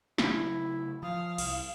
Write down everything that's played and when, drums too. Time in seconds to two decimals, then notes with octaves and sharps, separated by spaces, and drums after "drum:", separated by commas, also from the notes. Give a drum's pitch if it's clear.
0.18 C#3 F#3 A3 E4, drum: snare
1.03 F3 F5 D#6
1.38 C2, drum: cymbal